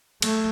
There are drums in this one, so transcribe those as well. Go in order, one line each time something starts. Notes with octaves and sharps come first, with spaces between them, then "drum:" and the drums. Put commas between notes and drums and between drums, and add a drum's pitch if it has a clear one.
A3, drum: cymbal